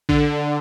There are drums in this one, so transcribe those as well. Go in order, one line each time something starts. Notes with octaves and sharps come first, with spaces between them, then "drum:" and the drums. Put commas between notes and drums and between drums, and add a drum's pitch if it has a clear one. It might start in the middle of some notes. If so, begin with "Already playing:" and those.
D3, drum: kick A#1